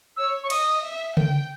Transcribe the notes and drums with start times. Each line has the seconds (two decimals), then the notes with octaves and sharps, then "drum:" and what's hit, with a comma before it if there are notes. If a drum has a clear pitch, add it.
0.17 C#5 E6
0.44 C#6
0.50 D#5 D#6, drum: cymbal
0.83 E5
1.17 G5, drum: tom C#3